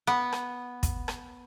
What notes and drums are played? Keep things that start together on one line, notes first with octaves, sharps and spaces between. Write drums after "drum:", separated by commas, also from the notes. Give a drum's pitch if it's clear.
B3
drum: rim click
drum: kick, hi-hat
drum: rim click